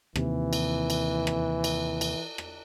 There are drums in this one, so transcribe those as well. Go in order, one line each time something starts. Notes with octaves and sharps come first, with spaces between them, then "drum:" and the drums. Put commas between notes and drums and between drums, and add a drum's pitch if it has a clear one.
D#2 C3 E3, drum: rim click
drum: cymbal
drum: cymbal
drum: rim click
drum: cymbal
drum: cymbal
drum: rim click